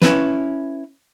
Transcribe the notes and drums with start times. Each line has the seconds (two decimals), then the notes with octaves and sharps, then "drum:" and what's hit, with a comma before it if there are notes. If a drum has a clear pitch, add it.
0.02 C#4 E4 B4, drum: snare